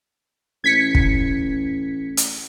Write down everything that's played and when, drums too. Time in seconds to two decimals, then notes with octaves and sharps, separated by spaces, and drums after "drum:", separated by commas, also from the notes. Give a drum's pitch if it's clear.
0.64 A1 G#6 B6 C#7
0.95 drum: kick
2.17 drum: hi-hat